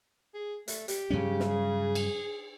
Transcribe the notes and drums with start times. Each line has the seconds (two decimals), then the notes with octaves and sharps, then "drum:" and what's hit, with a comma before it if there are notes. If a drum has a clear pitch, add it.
0.34 G#4
0.68 A3, drum: hi-hat
0.88 G4, drum: hi-hat
1.10 G2 C#3 F#3 C#4
1.40 drum: snare
1.49 G#4
1.95 drum: cymbal